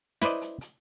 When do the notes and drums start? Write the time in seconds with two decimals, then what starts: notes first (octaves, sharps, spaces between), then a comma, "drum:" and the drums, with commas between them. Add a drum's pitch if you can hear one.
0.22 E4 B4 C5 D5 D#5, drum: snare
0.41 drum: hi-hat
0.61 drum: hi-hat